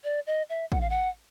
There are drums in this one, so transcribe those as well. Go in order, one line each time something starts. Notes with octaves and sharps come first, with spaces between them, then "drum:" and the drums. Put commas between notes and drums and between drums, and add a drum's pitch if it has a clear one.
D5
D#5
E5
F#5, drum: kick
F5
F#5